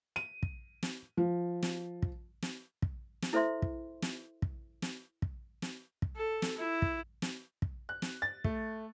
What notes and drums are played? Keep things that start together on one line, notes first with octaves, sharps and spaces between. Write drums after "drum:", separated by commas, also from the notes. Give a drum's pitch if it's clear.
D#7
drum: kick
drum: snare
F3
drum: snare
drum: kick
drum: snare
drum: kick
drum: snare
E4 A4 C5 E5 C6
drum: kick
drum: snare
drum: kick
drum: snare
drum: kick
drum: snare
drum: kick
A4
drum: snare
E4
drum: kick
drum: snare
drum: kick
F#6
drum: snare
A6
A3, drum: kick